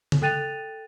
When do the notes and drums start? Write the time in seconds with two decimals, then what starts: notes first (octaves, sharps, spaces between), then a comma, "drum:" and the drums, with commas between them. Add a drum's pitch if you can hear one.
0.12 drum: tom C#3
0.22 A4 G5 F#6 A6 D#7 F7